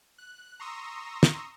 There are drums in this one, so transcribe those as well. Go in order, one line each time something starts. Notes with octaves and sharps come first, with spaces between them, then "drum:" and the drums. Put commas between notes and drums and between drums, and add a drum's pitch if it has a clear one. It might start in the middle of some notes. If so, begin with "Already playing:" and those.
F#6
A#5 C6 C#6 D#6 E6 A#6
drum: snare